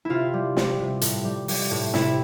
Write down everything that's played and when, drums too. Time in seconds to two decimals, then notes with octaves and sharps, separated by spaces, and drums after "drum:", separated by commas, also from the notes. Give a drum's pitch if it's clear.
0.05 C3 E4 F4
0.34 G3
0.57 G3, drum: snare
0.80 C3
1.02 A2, drum: hi-hat
1.25 G3
1.48 G3, drum: open hi-hat
1.71 A2
1.94 C3 E4, drum: snare